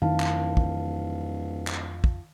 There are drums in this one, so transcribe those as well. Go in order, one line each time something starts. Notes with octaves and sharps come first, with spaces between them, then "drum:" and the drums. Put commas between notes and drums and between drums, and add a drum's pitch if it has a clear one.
D1 F2 D#3 D#4 E4 F5 A5
drum: clap
drum: kick
drum: clap
drum: kick